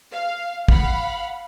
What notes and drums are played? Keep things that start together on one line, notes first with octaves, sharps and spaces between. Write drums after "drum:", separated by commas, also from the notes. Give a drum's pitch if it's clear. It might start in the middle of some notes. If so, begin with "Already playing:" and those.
F5
F5 F#5 B5, drum: kick